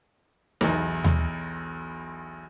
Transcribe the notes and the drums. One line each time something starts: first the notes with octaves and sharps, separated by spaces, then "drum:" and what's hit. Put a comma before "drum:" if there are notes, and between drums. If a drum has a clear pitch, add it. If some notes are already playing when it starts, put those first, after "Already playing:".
B1 E2, drum: snare
drum: tom D#2